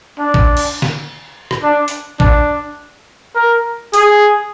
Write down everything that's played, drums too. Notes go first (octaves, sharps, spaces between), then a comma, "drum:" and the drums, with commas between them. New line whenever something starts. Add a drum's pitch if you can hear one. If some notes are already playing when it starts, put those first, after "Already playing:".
D4
drum: kick
drum: cymbal
drum: snare
drum: rim click
D4
drum: open hi-hat
D4, drum: kick
A#4
G#4, drum: open hi-hat